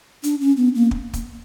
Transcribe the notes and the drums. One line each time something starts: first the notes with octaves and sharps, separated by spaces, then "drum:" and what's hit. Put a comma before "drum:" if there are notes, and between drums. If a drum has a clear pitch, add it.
D4, drum: hi-hat
C#4
B3
A#3
drum: kick
drum: kick, hi-hat